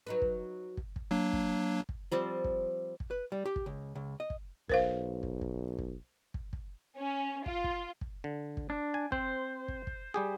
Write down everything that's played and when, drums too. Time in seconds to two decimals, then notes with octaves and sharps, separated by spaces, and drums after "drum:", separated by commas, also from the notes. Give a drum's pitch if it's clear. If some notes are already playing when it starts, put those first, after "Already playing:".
0.07 F#3 D#4 B4
0.22 drum: kick
0.77 drum: kick
0.96 drum: kick
1.11 F#3 A#3 D4
1.33 drum: kick
1.89 drum: kick
2.12 F3 G3 C4 A5
2.44 drum: kick
3.00 drum: kick
3.11 B4
3.32 G3
3.46 G4
3.56 drum: kick
3.66 C#2
3.95 C#2
4.20 D#5
4.30 drum: kick
4.69 B1 A#4 C5 F5, drum: kick
5.23 drum: kick
5.41 drum: kick
5.79 drum: kick
6.34 drum: kick
6.53 drum: kick
6.98 C#4
7.46 F4, drum: kick
7.64 drum: kick
8.01 drum: kick
8.24 D3
8.57 drum: kick
8.70 D4
8.94 G#5
9.12 C4 C5, drum: kick
9.68 drum: kick
9.87 drum: kick
10.14 G3 G4 G#4